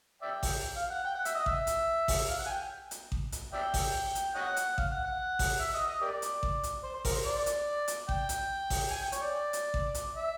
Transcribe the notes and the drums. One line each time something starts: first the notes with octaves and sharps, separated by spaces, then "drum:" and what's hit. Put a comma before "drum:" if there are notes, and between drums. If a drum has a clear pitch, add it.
D5 E5 G5
drum: kick A1, open hi-hat
F5
F#5
G5
F#5
E5, drum: hi-hat
D#5
E5, drum: kick A1
drum: hi-hat
drum: kick A1, open hi-hat
F5
F#5
G#5
G5
drum: hi-hat
drum: kick A1
drum: hi-hat
D5 E5 G5
drum: kick A1, open hi-hat
drum: hi-hat
C#5 D#5 F#5
drum: hi-hat
F5, drum: kick A1
F#5
F#5
drum: kick A1, open hi-hat
E5
D#5
D#5
G4 A#4 D5
drum: hi-hat
drum: kick A1
drum: hi-hat
C5
C5
A#4, drum: kick A1, open hi-hat
C5
D5
drum: hi-hat
drum: hi-hat
G5, drum: kick A1
drum: hi-hat
drum: kick A1, open hi-hat
G#5
G5
C#5, drum: hi-hat
D5
drum: hi-hat
drum: kick A1
drum: hi-hat
E5